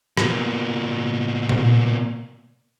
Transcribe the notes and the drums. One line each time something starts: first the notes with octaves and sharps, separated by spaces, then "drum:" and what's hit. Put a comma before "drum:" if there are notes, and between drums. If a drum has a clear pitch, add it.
B2 A#3, drum: rim click
drum: tom A#2